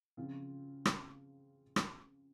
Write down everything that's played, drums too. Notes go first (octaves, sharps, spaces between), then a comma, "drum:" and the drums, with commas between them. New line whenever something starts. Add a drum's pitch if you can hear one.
C#3 F3 C4 F4
drum: rim click
drum: rim click